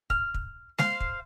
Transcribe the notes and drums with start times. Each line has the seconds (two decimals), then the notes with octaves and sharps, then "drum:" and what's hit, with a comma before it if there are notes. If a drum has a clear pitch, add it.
0.10 F6, drum: kick
0.34 drum: kick
0.78 C5 F5 C6, drum: snare
1.00 drum: kick